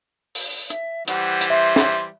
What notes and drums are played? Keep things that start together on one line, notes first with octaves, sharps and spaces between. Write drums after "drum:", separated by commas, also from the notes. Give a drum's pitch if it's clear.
drum: open hi-hat
E5, drum: hi-hat
E3 G3 C5 F#5, drum: hi-hat
drum: hi-hat
E5 C6
drum: snare